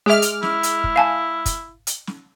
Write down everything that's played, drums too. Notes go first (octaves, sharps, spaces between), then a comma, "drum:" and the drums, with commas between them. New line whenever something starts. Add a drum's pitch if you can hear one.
G#3 G#4 E5 D6 F6
drum: hi-hat
E4, drum: snare
drum: hi-hat
drum: kick
F5 G#5 A5
drum: kick, hi-hat
drum: hi-hat
drum: snare